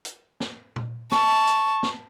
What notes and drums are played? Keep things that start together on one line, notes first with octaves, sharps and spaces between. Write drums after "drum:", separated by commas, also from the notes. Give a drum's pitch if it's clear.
drum: hi-hat
drum: snare
drum: tom A#2
A5 C#6, drum: snare
drum: hi-hat
drum: snare